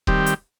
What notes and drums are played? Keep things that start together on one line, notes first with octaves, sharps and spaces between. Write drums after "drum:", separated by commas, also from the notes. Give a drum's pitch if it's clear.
D#3 G3 C4 G4, drum: kick D#1
drum: hi-hat